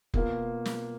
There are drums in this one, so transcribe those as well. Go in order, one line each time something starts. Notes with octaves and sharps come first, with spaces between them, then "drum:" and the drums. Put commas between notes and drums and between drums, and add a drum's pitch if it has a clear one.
B2 A#3 F4, drum: kick F1
drum: snare